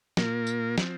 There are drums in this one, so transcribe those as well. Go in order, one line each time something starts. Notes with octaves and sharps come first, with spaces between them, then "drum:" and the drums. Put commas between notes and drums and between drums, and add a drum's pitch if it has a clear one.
A#2 A#3 F4 A#4, drum: snare
drum: tambourine
F3 C4, drum: snare